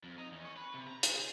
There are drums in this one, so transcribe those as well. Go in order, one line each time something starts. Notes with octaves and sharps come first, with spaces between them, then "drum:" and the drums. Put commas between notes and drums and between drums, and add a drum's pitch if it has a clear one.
F2
D#4
E2
C#4
B4
C3
A#5
G#4, drum: hi-hat
G#4